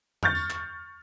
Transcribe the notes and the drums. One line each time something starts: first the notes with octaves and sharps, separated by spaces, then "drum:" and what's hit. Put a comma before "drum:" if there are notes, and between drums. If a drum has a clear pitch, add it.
C#6 F6 G6 A6, drum: tom E2
drum: tambourine
drum: clap